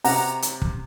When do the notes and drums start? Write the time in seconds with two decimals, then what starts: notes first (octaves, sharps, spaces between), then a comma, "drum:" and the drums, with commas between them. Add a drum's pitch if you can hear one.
0.05 C3 F#5 A#5, drum: open hi-hat
0.42 drum: hi-hat
0.62 drum: kick